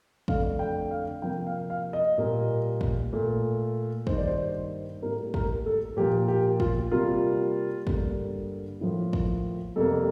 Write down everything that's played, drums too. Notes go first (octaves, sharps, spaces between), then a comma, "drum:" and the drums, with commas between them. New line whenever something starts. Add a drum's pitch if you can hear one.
F2 D3 A3 F5, drum: kick
G5
F5
C3 F3 A#3 G5
F5
F5
D#5
A#2 G3 A#3
drum: kick
A#2 A3
G2 D#3 A#3 C5, drum: kick
D5
C5
A2 G3 A#3 A#4
A#4, drum: kick
A4
A#2 F3 A#3 G4
G4
F4, drum: kick
C3 G3 A#3 F4
G2 D3 G3 A#3, drum: kick
A2 F3 A#3
drum: kick
F2 C3 G3 A#3 A4